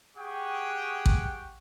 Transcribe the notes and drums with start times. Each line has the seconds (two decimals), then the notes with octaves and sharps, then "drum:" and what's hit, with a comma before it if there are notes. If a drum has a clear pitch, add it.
0.17 G4 G#4 F#5 G5 C#6 D#6
1.06 drum: kick A1